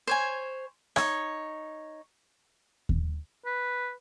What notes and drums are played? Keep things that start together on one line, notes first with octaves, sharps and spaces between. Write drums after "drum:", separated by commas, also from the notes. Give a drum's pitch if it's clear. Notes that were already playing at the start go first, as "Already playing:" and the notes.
C5 C#5 G#5
D#4 C#5, drum: rim click
drum: kick D#2
B4